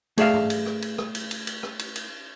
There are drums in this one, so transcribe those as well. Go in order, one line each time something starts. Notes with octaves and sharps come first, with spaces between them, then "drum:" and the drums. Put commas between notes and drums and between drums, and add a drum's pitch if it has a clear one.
A3 G#4 D5 E5 F5, drum: cymbal
drum: tom
drum: cymbal
drum: rim click
drum: cymbal
drum: rim click
drum: cymbal
drum: cymbal
drum: cymbal
drum: rim click
drum: cymbal
drum: cymbal